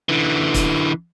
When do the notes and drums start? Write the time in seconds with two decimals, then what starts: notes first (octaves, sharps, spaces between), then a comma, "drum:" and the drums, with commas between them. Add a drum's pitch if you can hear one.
0.09 D3 E3
0.54 drum: kick, hi-hat